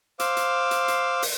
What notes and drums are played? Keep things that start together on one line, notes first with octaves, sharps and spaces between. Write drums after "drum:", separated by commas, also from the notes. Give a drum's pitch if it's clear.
C5 F5 D6 E6, drum: hi-hat
drum: hi-hat
drum: hi-hat
drum: hi-hat
drum: open hi-hat